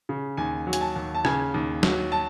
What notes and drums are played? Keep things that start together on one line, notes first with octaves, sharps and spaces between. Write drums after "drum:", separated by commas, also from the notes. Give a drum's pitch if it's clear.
C#3
D#2 G#5
F#3
G#5, drum: hi-hat
A5
D#2
A5
C#3 G#5, drum: rim click
D#2
F#3, drum: snare
A5